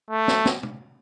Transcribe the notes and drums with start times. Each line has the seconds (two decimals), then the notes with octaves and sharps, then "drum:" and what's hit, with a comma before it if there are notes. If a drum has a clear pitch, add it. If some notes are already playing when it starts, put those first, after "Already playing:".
0.11 A3
0.28 drum: snare
0.45 drum: snare
0.63 drum: tom